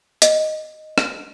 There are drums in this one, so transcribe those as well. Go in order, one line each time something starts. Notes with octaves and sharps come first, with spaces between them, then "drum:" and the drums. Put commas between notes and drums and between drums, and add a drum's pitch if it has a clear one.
D#5, drum: hi-hat
drum: rim click